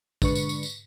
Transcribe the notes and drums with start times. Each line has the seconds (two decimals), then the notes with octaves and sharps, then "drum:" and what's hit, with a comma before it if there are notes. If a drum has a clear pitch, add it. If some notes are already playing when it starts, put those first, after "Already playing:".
0.22 D3 G#3 D4 B4 C#6 C#7, drum: kick, tambourine
0.35 drum: tambourine
0.49 drum: tambourine
0.63 drum: tambourine